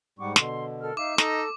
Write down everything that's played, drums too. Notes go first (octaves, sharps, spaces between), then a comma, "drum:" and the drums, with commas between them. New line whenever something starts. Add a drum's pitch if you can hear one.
G#2 G3 F#5 C#6 D6
B2 D3 C6, drum: snare
A4 A#4 F6
D#4 E5 F5 D6
D#4 A4 D#5, drum: snare